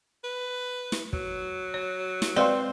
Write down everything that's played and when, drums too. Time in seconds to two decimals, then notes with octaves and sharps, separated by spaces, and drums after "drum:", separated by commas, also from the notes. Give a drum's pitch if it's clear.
0.24 B4
0.92 drum: snare
1.13 F#3, drum: kick
1.74 C#5
2.22 drum: snare
2.36 G#3 C4 B4 D5 F5 C6